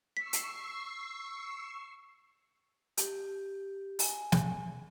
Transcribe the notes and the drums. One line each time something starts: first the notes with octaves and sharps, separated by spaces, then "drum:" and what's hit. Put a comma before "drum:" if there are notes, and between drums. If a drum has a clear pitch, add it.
C#6 E6 B6 C7
drum: hi-hat
G4, drum: hi-hat
G#5, drum: open hi-hat
drum: snare